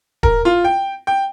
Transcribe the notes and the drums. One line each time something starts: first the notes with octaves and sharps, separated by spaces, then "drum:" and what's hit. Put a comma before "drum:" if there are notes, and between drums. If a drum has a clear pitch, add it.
A#4, drum: kick D#1
F4
G5
G5